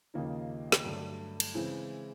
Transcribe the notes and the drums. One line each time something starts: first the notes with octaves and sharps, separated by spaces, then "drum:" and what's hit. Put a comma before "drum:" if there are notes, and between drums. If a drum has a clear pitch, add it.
D#2 C#3 F3 A#3 D#4
drum: snare
G2 D3 F#3 A3 D4
drum: cymbal
C#3 E3 G#3 C4 E4